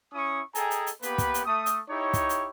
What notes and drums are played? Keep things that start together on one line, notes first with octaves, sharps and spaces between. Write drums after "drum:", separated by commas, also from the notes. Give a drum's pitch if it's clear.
C#4 E4 C#6 D#6
G#4 A4 D#5 G5 G#5 A#5, drum: hi-hat
drum: hi-hat
drum: hi-hat
A#3 B3 G4 B4, drum: hi-hat
drum: kick, hi-hat
drum: hi-hat
A3 D#6
drum: hi-hat
D#4 E4 G4 C#5
drum: kick, hi-hat
drum: hi-hat